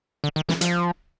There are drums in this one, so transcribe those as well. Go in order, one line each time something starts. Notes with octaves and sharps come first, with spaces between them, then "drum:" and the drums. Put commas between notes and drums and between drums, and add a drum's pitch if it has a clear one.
D3
D#3
E3, drum: snare
F3, drum: hi-hat